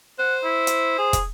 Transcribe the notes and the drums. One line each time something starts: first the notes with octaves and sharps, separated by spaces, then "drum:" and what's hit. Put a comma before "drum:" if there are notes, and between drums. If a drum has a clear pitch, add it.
C5 F#5
E4
drum: hi-hat
G#4
drum: kick, hi-hat